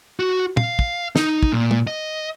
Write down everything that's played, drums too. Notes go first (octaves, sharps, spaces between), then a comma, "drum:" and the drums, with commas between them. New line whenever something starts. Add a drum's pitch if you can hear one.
F#4
F5, drum: tom
drum: kick
D#4, drum: snare
drum: kick
A#2
drum: tom
D#5